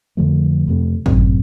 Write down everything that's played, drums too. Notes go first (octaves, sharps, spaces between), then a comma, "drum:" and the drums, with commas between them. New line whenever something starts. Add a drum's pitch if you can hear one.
F2 D3 F3 A3
F2 C3 A3
F#2 A2 C3, drum: kick